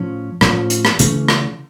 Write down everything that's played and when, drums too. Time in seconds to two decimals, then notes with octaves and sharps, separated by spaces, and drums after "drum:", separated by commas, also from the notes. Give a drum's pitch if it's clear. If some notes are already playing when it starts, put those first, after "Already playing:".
Already playing: A2 F3 C#4
0.41 A2 F3 C#4, drum: rim click
0.70 drum: hi-hat
0.85 drum: rim click
0.99 C#3 E3 A3 C#4, drum: hi-hat
1.28 drum: rim click